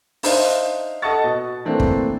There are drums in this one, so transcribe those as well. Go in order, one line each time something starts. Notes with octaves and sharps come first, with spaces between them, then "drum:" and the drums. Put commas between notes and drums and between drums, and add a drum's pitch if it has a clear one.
D4 D#4 C5 E5 F5, drum: open hi-hat
A4 D#5 F#5 A5 C#6 A6
B2
E3 A3 A#3 C4 D4
drum: kick